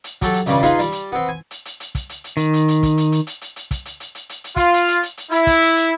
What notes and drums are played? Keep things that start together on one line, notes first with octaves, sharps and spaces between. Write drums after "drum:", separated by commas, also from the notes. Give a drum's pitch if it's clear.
drum: hi-hat
F#3 G4 A4, drum: kick, hi-hat
drum: hi-hat
C#2 G2 C#3 G3 D6, drum: hi-hat
D#4 F4 G#4 B4 F5 C6, drum: hi-hat
G3, drum: hi-hat
drum: hi-hat
B3 C4
G#5
drum: hi-hat
drum: hi-hat
drum: hi-hat
drum: kick, hi-hat
drum: hi-hat
drum: hi-hat
D#3, drum: hi-hat
drum: hi-hat
drum: hi-hat
drum: kick, hi-hat
drum: hi-hat
drum: hi-hat
drum: hi-hat
drum: hi-hat
drum: hi-hat
drum: kick, hi-hat
drum: hi-hat
drum: hi-hat
drum: hi-hat
drum: hi-hat
drum: hi-hat
F4, drum: kick, hi-hat
drum: hi-hat
drum: hi-hat
drum: hi-hat
drum: hi-hat
E4, drum: hi-hat
drum: kick, hi-hat
drum: hi-hat
drum: hi-hat